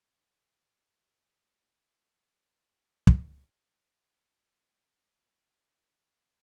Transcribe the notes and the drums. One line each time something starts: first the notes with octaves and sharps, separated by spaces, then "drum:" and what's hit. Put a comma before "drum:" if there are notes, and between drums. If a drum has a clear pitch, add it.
A4
D#5
F#4
G#5
D6
D5
C#6
B4
A#4
drum: kick
E3 F5